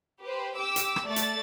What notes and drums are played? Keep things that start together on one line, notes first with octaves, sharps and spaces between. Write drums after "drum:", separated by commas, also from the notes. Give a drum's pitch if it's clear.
G4 B4 C5
G4 D6 E6
drum: hi-hat
drum: rim click
A3 D5 A6
drum: hi-hat